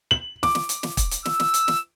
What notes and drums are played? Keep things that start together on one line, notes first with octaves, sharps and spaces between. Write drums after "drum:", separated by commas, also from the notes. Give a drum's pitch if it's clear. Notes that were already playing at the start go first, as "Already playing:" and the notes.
F#7
D6, drum: snare
drum: snare
drum: hi-hat
drum: snare
drum: kick, hi-hat
drum: hi-hat
E6, drum: snare
drum: snare
drum: hi-hat
drum: snare